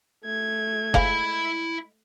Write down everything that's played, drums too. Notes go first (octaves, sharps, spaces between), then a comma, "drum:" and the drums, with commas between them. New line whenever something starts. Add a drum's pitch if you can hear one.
A3 G#6
G#3 E4 C5 F5 B5, drum: kick F#1